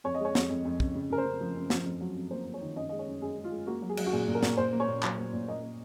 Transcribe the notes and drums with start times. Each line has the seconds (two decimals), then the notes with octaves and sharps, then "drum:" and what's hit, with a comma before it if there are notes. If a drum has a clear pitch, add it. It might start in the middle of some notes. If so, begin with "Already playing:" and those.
0.04 F2 C#5
0.15 D#5
0.20 G#3 C#5
0.35 F2, drum: snare
0.50 F2
0.65 F2
0.80 C#3, drum: kick
0.95 C#3
1.10 C#3 A#4
1.18 C5
1.25 C#3
1.40 F3
1.56 F#2
1.70 F3, drum: snare
1.85 F2
2.01 F#3
2.16 F2
2.31 A#3 C5
2.46 A#3
2.54 C#5
2.61 D#3
2.76 F#2 D#5
2.89 G#3 D#5
2.99 C#5
3.07 F#2
3.22 F#2 G#4
3.37 G#3
3.44 F4
3.52 G#3
3.67 A#3 F#4
3.82 F#3
3.89 G#4
3.97 F#3, drum: cymbal
4.06 F#4
4.12 A#2 G#4
4.28 A#2
4.35 A#4
4.43 A#2, drum: snare
4.57 A#2 C5
4.72 A#3
4.80 C#5
4.88 A#2
5.03 F#3, drum: clap
5.18 A#3
5.33 A#2
5.48 A#3 D#5
5.63 A#3